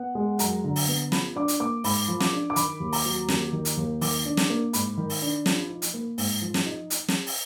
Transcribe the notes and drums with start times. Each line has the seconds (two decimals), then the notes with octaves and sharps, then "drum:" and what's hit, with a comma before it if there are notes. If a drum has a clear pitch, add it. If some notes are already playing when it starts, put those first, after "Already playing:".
Already playing: B3 F#5
0.15 G#3
0.39 F#2 A#5, drum: hi-hat
0.64 D3
0.76 drum: open hi-hat
0.88 B3
1.12 F3 B5, drum: snare
1.36 D4 D6
1.48 drum: hi-hat
1.60 A#3 D6
1.84 G#2 B5, drum: open hi-hat
2.08 F3
2.20 D6, drum: snare
2.33 D4
2.50 D6
2.56 D#3 B5, drum: hi-hat
2.80 D#2
2.93 A#5, drum: open hi-hat
3.05 F#3
3.28 D#2, drum: snare
3.53 D#3
3.65 drum: hi-hat
3.77 D#2
4.01 D#3 D6, drum: open hi-hat
4.25 D4
4.37 drum: snare
4.50 A#3
4.73 G#2 B5, drum: hi-hat
4.97 D#3
5.10 drum: open hi-hat
5.22 D4
5.46 F3, drum: snare
5.70 D#4
5.82 drum: hi-hat
5.94 A#3
6.18 G#2, drum: open hi-hat
6.42 F3
6.54 drum: snare
6.66 D#4
6.90 drum: hi-hat
7.08 drum: snare
7.27 drum: open hi-hat